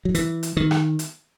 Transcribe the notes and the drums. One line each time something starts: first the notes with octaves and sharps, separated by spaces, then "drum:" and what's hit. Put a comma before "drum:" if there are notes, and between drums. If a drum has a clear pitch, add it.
F#3
E3, drum: hi-hat
drum: hi-hat
D#3
drum: rim click
drum: hi-hat